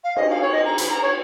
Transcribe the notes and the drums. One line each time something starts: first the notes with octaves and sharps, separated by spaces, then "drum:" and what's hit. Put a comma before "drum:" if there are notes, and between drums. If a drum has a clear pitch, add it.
F5
D#5, drum: cymbal
F5
C#5
D#5
A#5
B5, drum: hi-hat
A#5
C#5